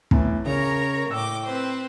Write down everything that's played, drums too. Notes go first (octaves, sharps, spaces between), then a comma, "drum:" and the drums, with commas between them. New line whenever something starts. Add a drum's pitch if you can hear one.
E2 A2, drum: kick
C#3 A#4 C#5 A#5
A2 G5 D6 E6
C4 B4 C5